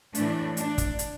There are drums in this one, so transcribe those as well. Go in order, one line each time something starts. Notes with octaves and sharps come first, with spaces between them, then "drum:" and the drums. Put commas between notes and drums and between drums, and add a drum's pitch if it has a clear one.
A2 E3 A3 D4, drum: hi-hat
D4, drum: hi-hat
drum: kick, hi-hat
drum: hi-hat